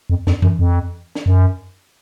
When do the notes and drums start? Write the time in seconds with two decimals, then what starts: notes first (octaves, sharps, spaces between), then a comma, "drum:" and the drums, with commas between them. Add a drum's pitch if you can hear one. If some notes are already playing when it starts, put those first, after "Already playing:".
0.10 F2
0.27 F2, drum: snare
0.42 F#2, drum: tom E3
0.59 F2
1.15 drum: snare
1.26 F#2